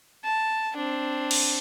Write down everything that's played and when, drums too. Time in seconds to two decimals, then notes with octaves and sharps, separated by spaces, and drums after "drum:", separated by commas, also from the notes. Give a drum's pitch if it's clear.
0.24 A5
0.76 C4 D4
1.31 drum: cymbal